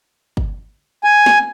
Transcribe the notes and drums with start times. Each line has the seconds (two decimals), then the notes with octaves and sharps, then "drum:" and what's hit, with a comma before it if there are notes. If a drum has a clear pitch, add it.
0.37 drum: kick
1.04 G#5
1.26 drum: snare